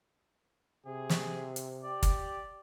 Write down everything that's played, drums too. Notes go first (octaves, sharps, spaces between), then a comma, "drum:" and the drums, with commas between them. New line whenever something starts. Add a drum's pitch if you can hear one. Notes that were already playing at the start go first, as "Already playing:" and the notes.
C3 G#4
drum: snare
drum: hi-hat
G4 D5
drum: kick, hi-hat